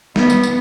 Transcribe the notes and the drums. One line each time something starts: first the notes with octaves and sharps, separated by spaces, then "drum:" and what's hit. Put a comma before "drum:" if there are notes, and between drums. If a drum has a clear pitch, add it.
B3, drum: snare
drum: tambourine
drum: tambourine